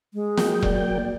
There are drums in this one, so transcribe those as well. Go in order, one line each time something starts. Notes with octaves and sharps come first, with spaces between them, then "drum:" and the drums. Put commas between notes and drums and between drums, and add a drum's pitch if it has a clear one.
G#3
F#3 A#3 G5, drum: snare
D5, drum: kick E1